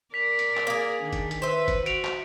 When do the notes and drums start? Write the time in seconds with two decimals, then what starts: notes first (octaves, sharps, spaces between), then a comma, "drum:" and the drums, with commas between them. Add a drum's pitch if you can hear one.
0.14 A#4 D5 B6 F7
0.39 drum: hi-hat
0.57 drum: clap
0.67 A#3 G#4
1.03 D#3 D4
1.13 drum: kick F#1, hi-hat
1.31 drum: hi-hat
1.42 B4 C5 E5
1.68 drum: kick F#1, hi-hat
1.86 F#4 D7 F7, drum: hi-hat
2.05 drum: clap